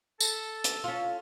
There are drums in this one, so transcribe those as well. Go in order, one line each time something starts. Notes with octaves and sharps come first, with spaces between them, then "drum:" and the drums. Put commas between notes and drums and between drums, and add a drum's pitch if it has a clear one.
A4, drum: tambourine
drum: hi-hat
C#4 F4